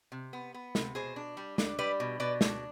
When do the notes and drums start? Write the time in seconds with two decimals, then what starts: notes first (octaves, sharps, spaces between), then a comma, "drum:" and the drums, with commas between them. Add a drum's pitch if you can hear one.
0.12 C3
0.33 B3
0.54 B3
0.75 C3, drum: snare
0.95 B2 G#4 C5
1.16 D4
1.37 G3
1.58 D4, drum: snare
1.78 G3 B4 D5
2.00 B2
2.20 B2 B4 D5
2.41 D4, drum: snare